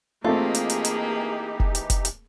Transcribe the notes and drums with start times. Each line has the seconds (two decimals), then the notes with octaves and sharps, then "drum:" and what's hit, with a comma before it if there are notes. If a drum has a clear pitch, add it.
0.24 E3 A3 A#3 C4 D#4 F4 G4 G#4
0.55 drum: hi-hat
0.70 drum: hi-hat
0.85 drum: hi-hat
1.60 drum: kick F1
1.75 drum: hi-hat
1.90 drum: kick F1, hi-hat
2.05 drum: hi-hat